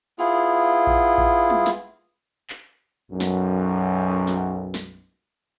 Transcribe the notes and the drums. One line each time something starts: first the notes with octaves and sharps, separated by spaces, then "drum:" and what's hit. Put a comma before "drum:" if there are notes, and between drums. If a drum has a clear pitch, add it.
B3 E4 F4 G#4, drum: cymbal
drum: kick A1
drum: kick A1
drum: tom
drum: snare
drum: clap
B1 F#2
drum: snare
drum: snare
drum: snare